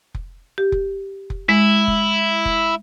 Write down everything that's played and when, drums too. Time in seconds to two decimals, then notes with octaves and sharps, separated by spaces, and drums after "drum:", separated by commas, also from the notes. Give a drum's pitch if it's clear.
0.15 drum: kick F1
0.58 G4
0.72 drum: kick F1
1.30 drum: kick F1
1.49 G#3 E4
1.88 drum: kick F1
2.45 drum: kick F1